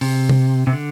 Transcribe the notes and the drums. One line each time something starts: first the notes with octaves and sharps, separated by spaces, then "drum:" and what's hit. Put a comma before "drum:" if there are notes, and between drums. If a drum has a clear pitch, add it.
C3, drum: open hi-hat
drum: tom
C3
D3